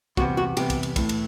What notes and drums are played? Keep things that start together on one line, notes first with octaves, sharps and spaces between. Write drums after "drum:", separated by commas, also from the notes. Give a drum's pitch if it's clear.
E2 C3 G3 B3 F#4, drum: kick
F#4
E2 C3 G3 B3 G4, drum: cymbal
drum: kick, cymbal
drum: cymbal
A2 E3 A3, drum: kick, cymbal
drum: cymbal